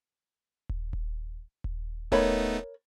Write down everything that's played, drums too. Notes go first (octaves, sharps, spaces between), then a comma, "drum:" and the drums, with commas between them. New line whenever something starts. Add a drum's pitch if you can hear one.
drum: kick D#1
drum: kick D#1
drum: kick D#1
A3 B3 D#4 A#4 C#5 B5, drum: kick D#1